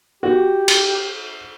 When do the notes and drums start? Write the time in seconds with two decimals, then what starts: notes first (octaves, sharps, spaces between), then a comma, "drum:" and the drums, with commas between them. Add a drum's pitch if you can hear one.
0.23 F#4 G4
0.68 drum: cymbal